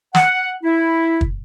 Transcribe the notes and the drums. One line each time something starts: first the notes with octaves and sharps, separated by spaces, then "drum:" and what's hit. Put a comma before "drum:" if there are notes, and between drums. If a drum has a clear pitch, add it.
F#5, drum: snare
E4
drum: kick